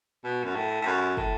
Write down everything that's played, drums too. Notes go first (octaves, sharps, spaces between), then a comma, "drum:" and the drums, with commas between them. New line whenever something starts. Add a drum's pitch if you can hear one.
B2
F#2
A2
A2
F#2
A2, drum: kick